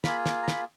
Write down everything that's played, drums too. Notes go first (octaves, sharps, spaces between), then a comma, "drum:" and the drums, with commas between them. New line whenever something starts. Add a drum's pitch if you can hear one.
A#3 F4 G#4 B5, drum: snare
drum: snare
A#5
B5, drum: snare